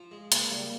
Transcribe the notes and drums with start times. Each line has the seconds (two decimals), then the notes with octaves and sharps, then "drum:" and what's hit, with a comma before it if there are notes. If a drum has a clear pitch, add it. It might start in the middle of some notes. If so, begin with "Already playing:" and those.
Already playing: F3
0.11 G#3
0.32 C#3 A#3, drum: hi-hat
0.51 G3